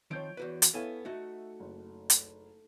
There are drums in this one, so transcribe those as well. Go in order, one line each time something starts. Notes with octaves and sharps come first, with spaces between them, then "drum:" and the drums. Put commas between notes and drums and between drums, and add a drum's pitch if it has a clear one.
D#3 F3 C4 C#5 G6 D7
E2 F#4 B4
drum: hi-hat
B3 E4 A4 C#5 F5 G#5
A3 D#4 F#4 E5
F#1
drum: hi-hat